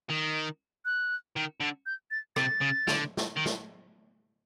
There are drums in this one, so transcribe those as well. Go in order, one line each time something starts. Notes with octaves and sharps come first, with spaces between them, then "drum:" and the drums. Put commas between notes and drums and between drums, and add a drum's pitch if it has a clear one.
D#3
F#6
D#3
D3
G6
A6
C3 A6, drum: rim click
C#3
D3, drum: snare
drum: snare
D#3
drum: snare